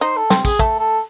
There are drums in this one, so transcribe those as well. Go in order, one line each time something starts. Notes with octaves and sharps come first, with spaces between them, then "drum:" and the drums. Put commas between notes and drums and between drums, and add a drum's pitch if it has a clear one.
D#4 C5
A4
C4, drum: snare
G#4, drum: kick, tambourine
A3 A4, drum: kick
A4